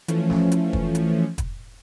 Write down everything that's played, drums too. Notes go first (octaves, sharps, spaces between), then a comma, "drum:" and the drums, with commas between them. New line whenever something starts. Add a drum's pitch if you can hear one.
E3 F3 A3 C#4, drum: hi-hat
drum: snare
drum: hi-hat
drum: kick
drum: hi-hat
drum: kick, hi-hat